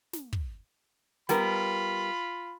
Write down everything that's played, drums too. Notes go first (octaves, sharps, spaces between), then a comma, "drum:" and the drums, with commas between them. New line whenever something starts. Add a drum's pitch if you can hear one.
drum: snare
drum: kick
G3 B3 F4 A#4 B5, drum: snare